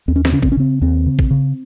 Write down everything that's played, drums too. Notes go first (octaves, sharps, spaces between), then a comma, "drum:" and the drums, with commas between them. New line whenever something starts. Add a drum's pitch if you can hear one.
D#2 C4
C#4
C4, drum: snare
C#3 C#4
C4, drum: kick
C#4
C#3 C4
D#2 C4
C#3
drum: kick
C#3